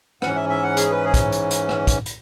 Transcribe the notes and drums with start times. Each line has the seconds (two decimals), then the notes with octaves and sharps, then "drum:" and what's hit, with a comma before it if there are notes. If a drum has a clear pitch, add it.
0.22 G#2 E3 C#4 F#5, drum: rim click
0.36 E5
0.49 E5
0.63 F#5
0.77 G#4, drum: hi-hat
0.91 B4
1.04 G#4
1.14 drum: kick, hi-hat
1.32 drum: hi-hat
1.51 drum: hi-hat
1.69 drum: rim click
1.87 drum: kick, hi-hat
2.06 drum: hi-hat